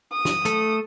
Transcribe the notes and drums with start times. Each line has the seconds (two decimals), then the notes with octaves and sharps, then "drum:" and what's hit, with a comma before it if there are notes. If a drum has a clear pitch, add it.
0.13 D#6
0.25 drum: snare
0.45 A3 A4, drum: hi-hat